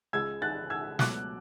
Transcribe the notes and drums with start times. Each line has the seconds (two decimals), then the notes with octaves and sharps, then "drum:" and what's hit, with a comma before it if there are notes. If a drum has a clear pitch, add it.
0.13 C#2 C#3 G#3 E6 G#6
0.42 F#6 A6
0.70 E6 G#6
0.99 C#2 B2 F#3 A3 D6 F#6, drum: snare